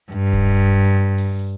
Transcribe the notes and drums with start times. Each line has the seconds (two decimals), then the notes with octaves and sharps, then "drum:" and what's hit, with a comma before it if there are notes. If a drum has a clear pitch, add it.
0.12 G2, drum: hi-hat
0.33 drum: kick D1, hi-hat
0.54 drum: hi-hat
0.97 drum: hi-hat
1.18 drum: open hi-hat
1.39 drum: hi-hat